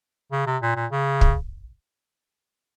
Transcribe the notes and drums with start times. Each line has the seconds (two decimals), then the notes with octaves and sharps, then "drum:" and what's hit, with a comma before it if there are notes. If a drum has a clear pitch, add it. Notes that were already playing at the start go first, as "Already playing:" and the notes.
0.32 C#3
0.46 C3
0.62 A#2
0.76 A#2
0.92 C#3
1.21 drum: kick